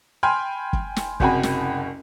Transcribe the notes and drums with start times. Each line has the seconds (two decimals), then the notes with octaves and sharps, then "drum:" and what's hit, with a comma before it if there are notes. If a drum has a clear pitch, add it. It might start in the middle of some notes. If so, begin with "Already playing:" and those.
0.23 G5 G#5 B5 C6 F6
0.73 drum: kick
0.96 drum: snare
1.20 F#1 C2 F#4 G5 G#5 B5, drum: kick
1.43 drum: snare